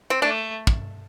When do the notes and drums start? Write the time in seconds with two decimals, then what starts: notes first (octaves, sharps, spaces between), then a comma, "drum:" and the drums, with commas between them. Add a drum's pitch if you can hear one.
0.10 C4
0.22 A3 D4
0.67 drum: kick